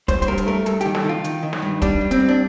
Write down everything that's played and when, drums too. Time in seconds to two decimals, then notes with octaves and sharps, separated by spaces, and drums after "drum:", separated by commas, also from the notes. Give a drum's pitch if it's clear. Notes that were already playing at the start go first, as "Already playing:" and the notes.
0.08 G2 C5, drum: kick, hi-hat
0.22 C5, drum: hi-hat
0.28 G2 A#4
0.38 drum: hi-hat
0.47 A3 A#4
0.66 G2 A4, drum: hi-hat
0.81 D#3 G4, drum: hi-hat
0.95 A4, drum: snare
1.04 D#3 F4
1.24 D#3, drum: hi-hat
1.43 D#3
1.53 drum: snare
1.62 G2
1.82 G3 D4, drum: kick, hi-hat
2.01 G2
2.11 C4, drum: hi-hat
2.20 G2
2.28 D4